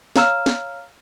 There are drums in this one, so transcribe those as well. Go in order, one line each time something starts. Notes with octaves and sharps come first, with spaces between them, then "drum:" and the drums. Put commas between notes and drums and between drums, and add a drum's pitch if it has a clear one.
C#5 F5 A#5 E6 F6 E7, drum: snare
drum: snare